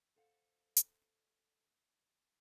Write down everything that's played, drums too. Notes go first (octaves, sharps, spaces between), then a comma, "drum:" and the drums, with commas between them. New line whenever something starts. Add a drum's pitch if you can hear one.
A4 C5 F5 F#5
drum: hi-hat